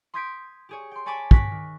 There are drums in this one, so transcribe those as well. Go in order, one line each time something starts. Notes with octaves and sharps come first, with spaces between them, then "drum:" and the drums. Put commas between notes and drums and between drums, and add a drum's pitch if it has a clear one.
C6 D#6 G6 G#6 B6 D7
G4 G#4 C#5
G5 C6
C#5 G#5 A5 B5 D6
C#6 D6 F#6 A#6 B6, drum: kick
D#3